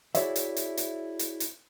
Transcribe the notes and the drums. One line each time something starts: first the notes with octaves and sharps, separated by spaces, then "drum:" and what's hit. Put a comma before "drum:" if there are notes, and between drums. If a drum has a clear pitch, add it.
E4 F#4 G#4 C#5 D5 E5, drum: hi-hat
drum: hi-hat
drum: hi-hat
drum: hi-hat
drum: hi-hat
drum: hi-hat